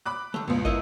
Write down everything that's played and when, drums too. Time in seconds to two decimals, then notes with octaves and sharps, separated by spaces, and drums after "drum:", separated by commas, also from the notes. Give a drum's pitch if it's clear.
0.06 B5 D6 F#6
0.34 D#3 A3
0.48 G1 C#2 A2
0.65 E4 A#4 D#5, drum: kick